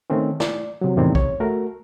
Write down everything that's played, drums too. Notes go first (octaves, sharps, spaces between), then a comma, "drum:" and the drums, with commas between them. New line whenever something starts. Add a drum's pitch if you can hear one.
D#3 A3 C4 C#4
D5, drum: snare
C3 F#3
E2 A2 C3 D#3 G3 C4
C#5, drum: kick
A3 F#4 A#4